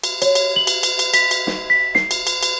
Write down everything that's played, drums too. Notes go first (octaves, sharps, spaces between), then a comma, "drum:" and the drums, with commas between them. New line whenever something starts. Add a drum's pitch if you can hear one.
drum: cymbal
C#5, drum: cymbal
drum: cymbal
F#7
drum: cymbal
drum: cymbal
drum: cymbal
B6, drum: cymbal
drum: cymbal
drum: snare
B6
C7, drum: snare
drum: cymbal
drum: cymbal
drum: cymbal